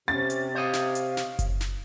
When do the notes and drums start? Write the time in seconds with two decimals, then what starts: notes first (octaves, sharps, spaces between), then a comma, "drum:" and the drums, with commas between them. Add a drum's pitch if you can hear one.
0.08 C3 C#4 A6
0.30 drum: hi-hat
0.55 C5 C#5 D#5 F5
0.73 drum: snare
0.95 drum: hi-hat
1.17 drum: snare
1.39 drum: kick F#1, hi-hat
1.61 drum: snare